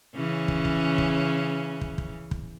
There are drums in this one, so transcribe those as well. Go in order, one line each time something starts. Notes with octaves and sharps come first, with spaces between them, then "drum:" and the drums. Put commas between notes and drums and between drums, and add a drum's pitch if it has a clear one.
C#3 E3 C#4
drum: kick
drum: kick
drum: kick
drum: kick
drum: kick
drum: kick